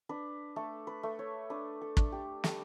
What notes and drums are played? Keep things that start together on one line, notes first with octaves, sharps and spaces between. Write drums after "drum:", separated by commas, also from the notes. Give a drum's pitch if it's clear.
D4 B4
A3 A4
B4
A3
C#5
D4 B4
A4
D4, drum: kick
G4
G3 A4, drum: snare